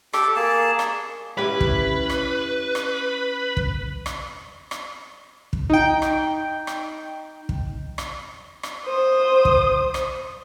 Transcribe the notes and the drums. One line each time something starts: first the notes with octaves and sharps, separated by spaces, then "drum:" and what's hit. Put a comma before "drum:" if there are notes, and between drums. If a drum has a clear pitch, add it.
G4 A4 D6, drum: rim click
A#3 G#4 A5
drum: rim click
C#4 E4 G4 B4
drum: kick
drum: rim click
drum: rim click
drum: kick
drum: rim click
drum: rim click
drum: kick
D#4 G5
drum: rim click
drum: rim click
drum: kick
drum: rim click
drum: rim click
C5 D#6
drum: kick
drum: rim click